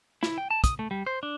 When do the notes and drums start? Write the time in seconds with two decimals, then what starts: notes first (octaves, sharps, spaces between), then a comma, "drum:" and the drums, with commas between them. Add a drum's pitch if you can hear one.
0.23 E4, drum: snare
0.38 G5
0.51 A5
0.64 D#6, drum: kick, hi-hat
0.79 A3
0.91 G3
1.06 C5
1.23 D4